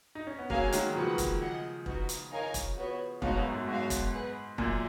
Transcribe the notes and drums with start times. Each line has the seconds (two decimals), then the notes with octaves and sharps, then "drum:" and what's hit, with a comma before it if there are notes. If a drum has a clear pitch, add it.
0.15 D#4
0.27 C#4
0.39 B3
0.50 F#3 A#3 C#4 G#4 C#5 F5 G#5, drum: kick E1
0.68 G#3
0.72 D#3 F#3, drum: hi-hat
0.95 C#3 F3 F#4 B4 F#5
1.18 drum: kick E1, hi-hat
1.40 G#4 D#5 F#5
1.86 B3 D#4 F#4, drum: kick E1
2.09 drum: hi-hat
2.31 D#4 A#4 C#5 F5 G#5
2.54 drum: kick E1, hi-hat
2.77 B3 F#4 C#5
3.22 G#2 B2 B3 D#4 F#4 C#5 F5, drum: kick E1
3.37 F#2
3.52 F#2
3.67 G#2 F#4 C#5 F5
3.90 drum: kick E1, hi-hat
4.13 G#4 B4 F#5
4.58 F#2 A#2 F4, drum: kick E1